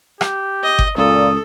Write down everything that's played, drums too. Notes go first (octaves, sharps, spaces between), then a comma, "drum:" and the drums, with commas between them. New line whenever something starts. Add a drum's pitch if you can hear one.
G4, drum: rim click
D#5
drum: kick G1
C#2 A#2 A4 D#6